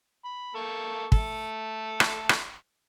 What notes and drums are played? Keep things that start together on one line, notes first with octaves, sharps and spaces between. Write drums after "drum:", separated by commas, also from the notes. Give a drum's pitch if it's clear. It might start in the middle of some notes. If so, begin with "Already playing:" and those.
B5
A#3 A4 C#6
A3 A4, drum: kick
drum: rim click
drum: rim click